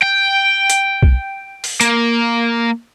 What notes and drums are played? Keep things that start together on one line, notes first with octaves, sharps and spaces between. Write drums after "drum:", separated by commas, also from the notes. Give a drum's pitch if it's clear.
G5
drum: hi-hat
drum: kick B1
drum: open hi-hat
A#3, drum: hi-hat